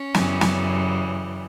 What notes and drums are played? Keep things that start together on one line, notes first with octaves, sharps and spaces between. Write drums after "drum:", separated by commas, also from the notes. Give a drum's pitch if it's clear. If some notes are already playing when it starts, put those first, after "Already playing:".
Already playing: C#4
F#2 C#3 E3 G3, drum: snare
drum: snare